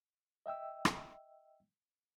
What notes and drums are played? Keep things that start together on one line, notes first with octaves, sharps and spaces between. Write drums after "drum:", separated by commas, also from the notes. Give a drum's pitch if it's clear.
D#5 E5 G5 E6
drum: rim click